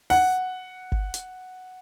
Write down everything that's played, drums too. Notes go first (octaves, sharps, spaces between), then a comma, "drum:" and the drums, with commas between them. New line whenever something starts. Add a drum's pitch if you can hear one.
F#5, drum: open hi-hat
drum: kick G1
drum: hi-hat